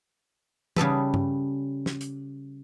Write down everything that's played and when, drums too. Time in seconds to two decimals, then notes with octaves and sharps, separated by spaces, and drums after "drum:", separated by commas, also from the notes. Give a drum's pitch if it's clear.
0.77 C#3 G3 A4 B4, drum: tom E3
1.14 drum: tom G2
1.86 drum: snare
2.01 drum: hi-hat